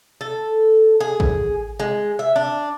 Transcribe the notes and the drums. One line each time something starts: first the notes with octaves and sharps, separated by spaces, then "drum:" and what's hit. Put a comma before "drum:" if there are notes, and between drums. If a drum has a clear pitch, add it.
A4
G#4
drum: kick
G#3
E5
D4